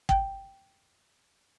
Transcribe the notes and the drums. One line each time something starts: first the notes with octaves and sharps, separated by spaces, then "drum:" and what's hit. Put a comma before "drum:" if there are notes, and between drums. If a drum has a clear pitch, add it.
G5, drum: kick